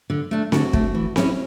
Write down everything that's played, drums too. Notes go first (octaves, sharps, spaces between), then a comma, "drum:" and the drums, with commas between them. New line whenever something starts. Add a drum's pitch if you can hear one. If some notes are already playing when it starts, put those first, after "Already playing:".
D3
A3 D4
D3 F#4, drum: snare C4
A3 D4, drum: kick
E3
G#3 C#4 E4, drum: snare C4